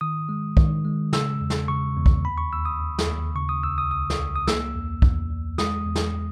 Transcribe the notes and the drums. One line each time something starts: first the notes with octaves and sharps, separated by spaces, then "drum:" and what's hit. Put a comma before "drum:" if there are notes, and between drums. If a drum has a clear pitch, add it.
D#3 D#6
G#3
D#3, drum: kick B1
G#3
C#3 E6, drum: snare
E2
drum: snare
C#3 C#6
E2
drum: kick B1
D#2 B5
C#6
D#2 E6
D#6
D#2
drum: snare
D#2
C#3 C#6
D#6
C#2 E6
D#6
C#2 D#6
drum: snare
C#2
D#6
A#3 E6, drum: snare
E2
E2, drum: kick B1
E2
G#3 D#6, drum: snare
E2
drum: snare